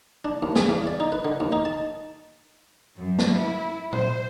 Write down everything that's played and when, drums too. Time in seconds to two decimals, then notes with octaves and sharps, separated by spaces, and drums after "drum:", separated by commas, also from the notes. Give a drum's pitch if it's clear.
0.25 D4
0.43 D#2
0.56 G#4, drum: snare
0.69 E2
0.87 D5
1.00 D#4
1.12 B4
1.25 D3
1.40 D#2
1.52 D#4
1.65 A5
2.97 F#2
3.19 drum: snare
3.36 E4
3.93 C5, drum: tom